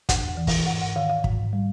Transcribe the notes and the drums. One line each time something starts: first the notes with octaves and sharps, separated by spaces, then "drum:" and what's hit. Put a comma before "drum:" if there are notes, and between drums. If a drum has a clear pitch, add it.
E2 F#5, drum: kick, hi-hat
E3
drum: kick, open hi-hat
G#2 F#5
F#5
D#3 F5
F5
G#2, drum: kick
G3